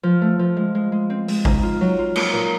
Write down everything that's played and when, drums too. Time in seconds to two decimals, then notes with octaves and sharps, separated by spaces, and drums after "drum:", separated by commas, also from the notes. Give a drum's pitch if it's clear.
0.03 F3
0.22 A3
0.39 F3
0.57 G#3
0.75 G#3
0.92 G#3
1.10 C4
1.28 G#3, drum: open hi-hat
1.45 D#4, drum: kick G#1
1.63 F4
1.81 F#3
1.99 F4
2.16 A#3, drum: cymbal
2.33 A#2